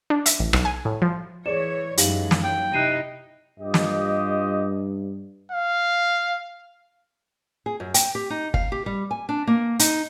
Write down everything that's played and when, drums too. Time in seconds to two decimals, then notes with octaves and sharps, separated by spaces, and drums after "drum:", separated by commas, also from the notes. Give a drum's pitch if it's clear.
0.10 D4
0.26 E5, drum: hi-hat
0.40 A1
0.53 B1, drum: rim click
0.65 G#5
0.85 A2
1.02 F3
1.46 E3 G#4 C#5 D5 E7
1.98 F#2 E3 G#3 D#4 G4 F5 F#7, drum: hi-hat
2.31 drum: snare
2.44 F#3 G5
2.73 C3 D#4 E4 F#6 C7 D#7
3.59 G2 F4 G4 D#5
3.74 drum: snare
5.52 F5
7.66 G#4
7.80 F#2
7.94 G5, drum: hi-hat
8.15 G4
8.30 D#4
8.54 F5, drum: kick
8.72 G4
8.86 G3
9.11 G#5
9.29 D4
9.47 A#3
9.79 D#4, drum: hi-hat